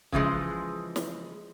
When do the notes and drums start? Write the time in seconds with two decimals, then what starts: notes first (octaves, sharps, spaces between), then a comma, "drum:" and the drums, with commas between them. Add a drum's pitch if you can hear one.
0.12 C#3 E3 F3 G#3, drum: kick C#1
0.96 drum: snare